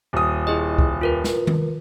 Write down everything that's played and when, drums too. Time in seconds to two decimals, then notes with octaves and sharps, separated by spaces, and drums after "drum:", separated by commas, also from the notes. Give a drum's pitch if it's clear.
0.13 D#1 D#6
0.47 E4 G#4 D#5
0.79 drum: kick C2
1.01 F4 A#4 B4
1.24 drum: snare
1.47 drum: tom D#3